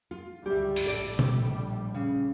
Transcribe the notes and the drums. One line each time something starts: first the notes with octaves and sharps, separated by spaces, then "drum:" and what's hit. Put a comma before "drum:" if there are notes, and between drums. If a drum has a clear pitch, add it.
F4
G1 C#2 G3 G4 E5
drum: open hi-hat
A#1 A2 G3 A4 D5
drum: tom
C#3